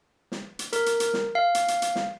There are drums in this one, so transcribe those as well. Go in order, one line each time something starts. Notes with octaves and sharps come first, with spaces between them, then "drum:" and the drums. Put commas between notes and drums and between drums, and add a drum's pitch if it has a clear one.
drum: snare
drum: hi-hat
A#4, drum: hi-hat
drum: hi-hat
drum: hi-hat
drum: snare
F5
drum: hi-hat
drum: hi-hat
drum: hi-hat
drum: snare